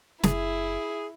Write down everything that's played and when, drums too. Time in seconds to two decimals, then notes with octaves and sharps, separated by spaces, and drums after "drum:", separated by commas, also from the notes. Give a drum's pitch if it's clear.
0.23 F#1 E4 G#4, drum: snare